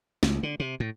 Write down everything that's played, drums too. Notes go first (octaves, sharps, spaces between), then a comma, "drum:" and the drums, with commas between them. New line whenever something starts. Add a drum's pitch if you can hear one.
C#2, drum: snare
D3
C3
A2